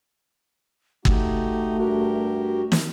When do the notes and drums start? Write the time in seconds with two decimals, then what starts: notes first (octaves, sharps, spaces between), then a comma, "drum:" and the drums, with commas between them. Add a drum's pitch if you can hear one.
1.05 A3 D#4 F#4 G4, drum: kick G1
1.78 G2 F#4 G4 A#4
2.72 drum: snare